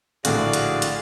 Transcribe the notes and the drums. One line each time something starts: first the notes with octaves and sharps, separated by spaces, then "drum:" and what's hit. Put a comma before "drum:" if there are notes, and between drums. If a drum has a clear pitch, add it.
A#1 A2 D3 F#4 G#4 D5 F5, drum: hi-hat
drum: hi-hat
drum: hi-hat